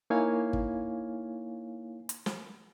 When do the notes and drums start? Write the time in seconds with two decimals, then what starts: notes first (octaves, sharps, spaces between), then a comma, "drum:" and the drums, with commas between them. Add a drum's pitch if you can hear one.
0.10 A#3 D#4 E4 C#5 F5 G#5
0.53 drum: kick
2.09 drum: hi-hat
2.26 drum: snare